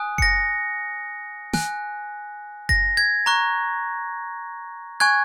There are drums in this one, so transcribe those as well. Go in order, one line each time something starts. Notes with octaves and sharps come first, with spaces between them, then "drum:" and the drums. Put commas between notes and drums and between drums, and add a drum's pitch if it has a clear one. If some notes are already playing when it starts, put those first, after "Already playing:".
Already playing: G#5 D#6 F#6
C#7, drum: kick F#1
A#6
G#5 F#6, drum: snare
A#6, drum: kick F#1
G#6
A#5 C#6 F#6
G#5 C#6 F#6 G#6